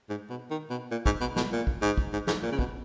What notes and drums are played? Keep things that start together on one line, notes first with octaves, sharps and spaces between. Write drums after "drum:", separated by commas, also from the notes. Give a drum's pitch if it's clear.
G#2
B2
D#3
B2
A#2
G#2, drum: kick
B2
B2, drum: snare
A#2
drum: kick
G#2
drum: kick
G#2
G#2, drum: snare
A#2
C#3
B2, drum: kick